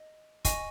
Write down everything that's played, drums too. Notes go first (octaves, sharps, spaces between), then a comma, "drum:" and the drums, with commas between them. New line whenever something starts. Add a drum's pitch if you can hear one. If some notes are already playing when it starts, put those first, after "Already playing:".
Already playing: D#5
D#5 G#5 C#6, drum: kick, hi-hat